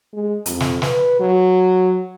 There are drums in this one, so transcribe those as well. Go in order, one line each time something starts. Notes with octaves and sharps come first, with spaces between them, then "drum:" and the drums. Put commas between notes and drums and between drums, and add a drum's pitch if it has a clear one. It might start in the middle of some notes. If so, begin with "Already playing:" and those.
G#3
F2, drum: hi-hat
drum: snare
B4, drum: snare
F#3